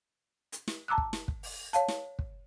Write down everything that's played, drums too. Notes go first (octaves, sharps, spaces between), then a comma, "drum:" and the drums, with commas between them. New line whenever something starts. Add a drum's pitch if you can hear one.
drum: hi-hat
drum: snare
A5 A#5 D6 E6 F#6
drum: kick
drum: snare
drum: kick
drum: open hi-hat
C#5 F5 A5, drum: hi-hat
drum: snare
drum: kick